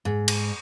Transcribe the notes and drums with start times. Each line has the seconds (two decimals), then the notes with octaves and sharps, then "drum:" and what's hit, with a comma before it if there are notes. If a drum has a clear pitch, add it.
0.05 G#2
0.28 drum: cymbal